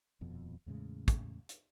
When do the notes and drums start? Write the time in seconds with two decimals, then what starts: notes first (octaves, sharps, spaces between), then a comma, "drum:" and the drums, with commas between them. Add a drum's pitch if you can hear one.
0.21 D#1 F2 B2
0.66 E2 A2 C#3 G#3
1.08 drum: kick, hi-hat
1.49 drum: hi-hat